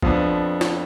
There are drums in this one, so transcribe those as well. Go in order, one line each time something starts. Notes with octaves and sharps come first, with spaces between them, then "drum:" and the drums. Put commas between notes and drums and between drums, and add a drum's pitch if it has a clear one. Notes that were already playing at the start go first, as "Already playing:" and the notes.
F2 F3 B3 D4, drum: kick
drum: snare